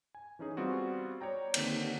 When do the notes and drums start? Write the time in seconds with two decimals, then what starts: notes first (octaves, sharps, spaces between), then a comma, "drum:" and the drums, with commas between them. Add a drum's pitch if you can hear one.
0.15 G#5
0.39 E3 C#4 D#4 G#4
0.57 G3 B3 C4 F4 F#4 G#4
1.21 C#5 D5 G5 A#5
1.54 D3 D#3 A#3 C4, drum: cymbal